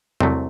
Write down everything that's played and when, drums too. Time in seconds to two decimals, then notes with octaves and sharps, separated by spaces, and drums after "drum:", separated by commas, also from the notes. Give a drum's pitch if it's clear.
0.20 C2 C3 F#3 A3 C4, drum: tom E2